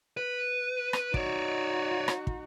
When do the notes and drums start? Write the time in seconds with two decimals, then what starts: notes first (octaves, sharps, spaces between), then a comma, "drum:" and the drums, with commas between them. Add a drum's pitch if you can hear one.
0.17 B4
0.93 drum: rim click
1.14 D#4 F#4 C#5 D5, drum: kick
2.08 drum: rim click
2.27 drum: kick